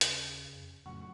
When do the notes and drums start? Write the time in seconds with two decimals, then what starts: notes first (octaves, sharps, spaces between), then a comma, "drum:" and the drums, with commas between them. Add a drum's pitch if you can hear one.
0.01 D#2 C#3, drum: hi-hat
0.54 F2
0.86 F2 A2 C#3 F#3 F#5 C#6